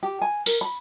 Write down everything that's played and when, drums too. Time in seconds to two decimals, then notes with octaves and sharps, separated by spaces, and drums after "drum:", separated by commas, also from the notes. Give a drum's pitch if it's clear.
0.03 G4
0.22 G#5
0.46 A#4, drum: tambourine
0.61 B5